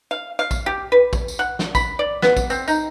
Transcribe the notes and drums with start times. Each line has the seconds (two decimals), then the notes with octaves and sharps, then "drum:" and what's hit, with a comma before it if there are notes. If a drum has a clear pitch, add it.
0.11 F5
0.39 F5
0.51 drum: kick A#1, tambourine
0.66 G4
0.92 B4
1.13 drum: kick A#1, tambourine
1.28 drum: tambourine
1.39 F#5
1.59 drum: snare
1.75 B5, drum: kick A#1, tambourine
1.99 D5
2.22 B3, drum: snare
2.37 drum: kick A#1, tambourine
2.50 C4, drum: tambourine
2.68 D#4, drum: tambourine